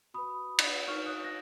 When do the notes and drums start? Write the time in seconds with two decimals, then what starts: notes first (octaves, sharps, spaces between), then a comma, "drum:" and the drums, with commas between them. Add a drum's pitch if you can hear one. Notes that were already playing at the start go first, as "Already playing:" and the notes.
0.14 F#4 B4 B5 D#6
0.59 drum: cymbal
0.87 D#4 A#4 C#5 C#6 F6
1.06 D#6 F#6
1.24 F#6 A#6